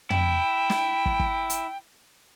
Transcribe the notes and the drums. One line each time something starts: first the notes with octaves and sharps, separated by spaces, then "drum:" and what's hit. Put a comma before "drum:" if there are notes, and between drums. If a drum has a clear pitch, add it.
E4 G5, drum: tom
drum: snare
drum: kick
drum: kick
drum: hi-hat